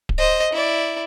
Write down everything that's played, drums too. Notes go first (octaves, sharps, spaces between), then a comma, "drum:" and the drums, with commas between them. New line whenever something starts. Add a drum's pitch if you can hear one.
drum: kick D1
C5 D#5
E4 D5